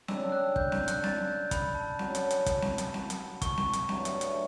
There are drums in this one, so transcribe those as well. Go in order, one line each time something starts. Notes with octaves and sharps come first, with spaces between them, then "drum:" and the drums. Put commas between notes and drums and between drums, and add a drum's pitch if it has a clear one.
C#3 G3 D4 A4 E6, drum: snare C4
F#6
G6, drum: kick
G6, drum: snare C4
F#6, drum: hi-hat
A6, drum: snare C4
G6
B5, drum: kick, hi-hat
A5
F#3 C#4 F#4, drum: snare C4
drum: hi-hat
drum: hi-hat
drum: kick, hi-hat
drum: snare C4
drum: hi-hat
drum: snare C4
drum: hi-hat
C#6, drum: kick, hi-hat
drum: snare C4
drum: hi-hat
G2 F#3 A3, drum: snare C4
drum: hi-hat
drum: hi-hat